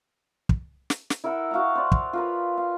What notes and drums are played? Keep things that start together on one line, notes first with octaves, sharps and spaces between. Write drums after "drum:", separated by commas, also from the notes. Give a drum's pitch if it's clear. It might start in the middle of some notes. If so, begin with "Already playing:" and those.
drum: kick
drum: snare
drum: snare
E4 A#4 E5 F#5
F#4 F5 A5 A#5
C5 D5
drum: kick
F4 A#4 B4
F5